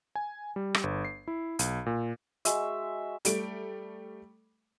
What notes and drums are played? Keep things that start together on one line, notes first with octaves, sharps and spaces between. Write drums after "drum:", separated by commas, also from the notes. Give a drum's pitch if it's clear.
G#5
G3
drum: rim click
G1
C7
E4
B1, drum: hi-hat
A#2
G#3 F#4 E5, drum: hi-hat
G3 A3 D7, drum: hi-hat